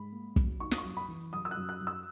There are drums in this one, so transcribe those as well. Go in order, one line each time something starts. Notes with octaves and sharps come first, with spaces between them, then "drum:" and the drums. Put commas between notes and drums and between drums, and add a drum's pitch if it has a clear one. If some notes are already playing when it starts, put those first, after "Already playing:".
Already playing: G#2 B5
A#3
F#3, drum: kick
D#4 C#6
D#6, drum: snare
C#6
F#2
B5
E3
F#2 D#6
E6
F#6
F#2
F#6
F#2
E6